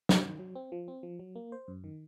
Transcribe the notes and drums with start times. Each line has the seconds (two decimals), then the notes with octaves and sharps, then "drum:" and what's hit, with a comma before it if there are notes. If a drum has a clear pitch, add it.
0.09 drum: snare
0.23 D#3
0.39 F#3
0.55 C4
0.72 F3
0.88 C4
1.03 F3
1.20 F#3
1.35 A#3
1.52 C5
1.68 F#2
1.84 D#3